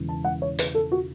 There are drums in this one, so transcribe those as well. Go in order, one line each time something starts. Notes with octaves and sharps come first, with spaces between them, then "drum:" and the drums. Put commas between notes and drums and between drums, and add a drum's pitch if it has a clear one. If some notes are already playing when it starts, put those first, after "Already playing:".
Already playing: E1 E2 C#3
A5
F#5
C#5
B4, drum: hi-hat
A4
F#4